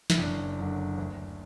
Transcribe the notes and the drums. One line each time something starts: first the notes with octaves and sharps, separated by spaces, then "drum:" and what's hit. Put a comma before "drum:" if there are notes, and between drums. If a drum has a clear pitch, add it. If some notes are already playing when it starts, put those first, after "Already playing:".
E4, drum: snare
F#1 D4
F#2 D3
D2